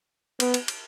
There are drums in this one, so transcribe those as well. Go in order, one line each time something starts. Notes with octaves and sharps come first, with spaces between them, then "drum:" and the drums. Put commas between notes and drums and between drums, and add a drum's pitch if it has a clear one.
B3, drum: cymbal
drum: cymbal
drum: cymbal